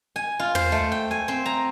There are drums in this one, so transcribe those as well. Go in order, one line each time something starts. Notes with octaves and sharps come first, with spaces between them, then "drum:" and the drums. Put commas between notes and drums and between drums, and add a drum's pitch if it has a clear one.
G#5
F4
C5, drum: tom
A3
G5
G#5
C4
A#5